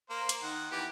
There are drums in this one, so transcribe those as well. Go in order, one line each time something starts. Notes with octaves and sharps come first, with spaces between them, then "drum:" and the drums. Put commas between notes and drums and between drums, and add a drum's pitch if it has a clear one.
A#3 C5
drum: hi-hat
D#3 F#5
E3 B3 G4